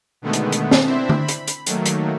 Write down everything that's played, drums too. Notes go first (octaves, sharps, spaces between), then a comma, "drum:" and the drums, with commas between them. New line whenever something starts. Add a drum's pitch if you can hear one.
B2 D3 D#3 G#3 A3 B3
drum: hi-hat
drum: hi-hat
drum: snare
C4 D4 E4 C5 E5
drum: tom D3
B5
drum: hi-hat
drum: hi-hat
D#3 F#3 A3 A#3, drum: hi-hat
drum: hi-hat